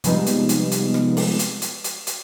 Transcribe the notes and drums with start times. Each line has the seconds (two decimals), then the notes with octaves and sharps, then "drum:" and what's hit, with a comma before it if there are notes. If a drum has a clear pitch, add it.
0.04 C3 F3 G3 G#3 B3 D#4, drum: hi-hat
0.27 drum: hi-hat
0.49 drum: hi-hat
0.72 drum: hi-hat
0.94 drum: rim click
1.17 drum: open hi-hat
1.39 drum: hi-hat
1.62 drum: hi-hat
1.84 drum: hi-hat
2.07 drum: hi-hat